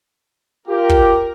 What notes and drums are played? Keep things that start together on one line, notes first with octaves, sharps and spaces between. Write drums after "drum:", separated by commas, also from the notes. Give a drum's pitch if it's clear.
F4 G4 A#4
drum: kick